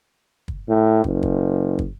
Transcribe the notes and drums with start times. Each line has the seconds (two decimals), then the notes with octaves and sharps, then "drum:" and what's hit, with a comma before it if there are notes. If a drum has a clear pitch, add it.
0.48 drum: kick
0.68 A2
1.04 F#1, drum: kick
1.23 drum: kick
1.79 drum: kick